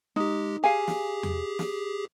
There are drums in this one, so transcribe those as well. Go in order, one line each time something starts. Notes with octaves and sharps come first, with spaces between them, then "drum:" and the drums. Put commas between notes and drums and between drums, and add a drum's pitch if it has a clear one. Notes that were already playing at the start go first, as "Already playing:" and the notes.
G#3 D#4 G4
G4 G#4 F5 G#5
drum: snare
drum: tom E2
drum: snare